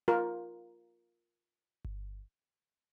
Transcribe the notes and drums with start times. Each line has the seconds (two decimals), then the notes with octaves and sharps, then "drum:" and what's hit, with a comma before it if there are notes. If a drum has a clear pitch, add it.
0.08 F4 A#4
1.85 drum: kick G1